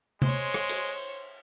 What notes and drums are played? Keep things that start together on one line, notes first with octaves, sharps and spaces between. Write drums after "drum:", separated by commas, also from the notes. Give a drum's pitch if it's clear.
G#3 C5 C#5, drum: tom C3
drum: rim click
drum: cymbal